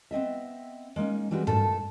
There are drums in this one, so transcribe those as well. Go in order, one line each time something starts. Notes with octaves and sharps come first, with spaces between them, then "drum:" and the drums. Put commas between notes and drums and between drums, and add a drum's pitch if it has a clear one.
B3 C4 D#5 E5
G#3 A#3 C#4 D#4
E3 G3 G#3 C4 F#4 B4
G2 A#2 A3 A4 A5, drum: tom